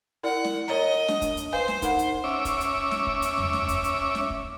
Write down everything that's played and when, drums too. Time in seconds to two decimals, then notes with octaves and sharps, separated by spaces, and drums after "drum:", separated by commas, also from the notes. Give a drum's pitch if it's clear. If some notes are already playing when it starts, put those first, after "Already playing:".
0.23 E4 A#4 D5 F#5
0.44 drum: snare
0.68 A#4 C#5 D#5 A#5
1.08 D4, drum: snare
1.22 drum: kick, hi-hat
1.37 drum: hi-hat
1.52 B4 C5 F5 G#5
1.68 drum: snare
1.82 D#4 A#4 F#5, drum: kick, hi-hat
1.99 drum: hi-hat
2.24 C#4 E5 D6
2.45 drum: kick, hi-hat
2.60 drum: hi-hat
2.91 drum: snare
3.07 drum: kick
3.22 drum: hi-hat
3.38 drum: tom E2
3.53 drum: snare
3.68 drum: kick, hi-hat
3.84 drum: hi-hat
4.15 drum: snare
4.30 drum: kick